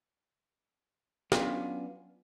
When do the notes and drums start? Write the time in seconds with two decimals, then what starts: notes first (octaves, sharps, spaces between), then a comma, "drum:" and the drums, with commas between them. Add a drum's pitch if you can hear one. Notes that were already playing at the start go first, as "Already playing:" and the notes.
1.32 F#3 B3 C#4 D4 F4, drum: snare